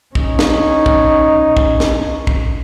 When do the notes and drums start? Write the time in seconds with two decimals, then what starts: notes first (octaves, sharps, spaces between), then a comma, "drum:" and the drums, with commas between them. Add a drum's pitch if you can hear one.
0.15 C#4 D#4, drum: kick
0.39 drum: snare
0.86 drum: kick
1.57 drum: kick
1.80 drum: snare
2.27 drum: kick